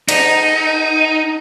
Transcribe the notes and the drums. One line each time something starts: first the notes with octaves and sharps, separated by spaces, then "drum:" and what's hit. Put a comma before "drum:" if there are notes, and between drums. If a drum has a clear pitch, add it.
D#4, drum: cymbal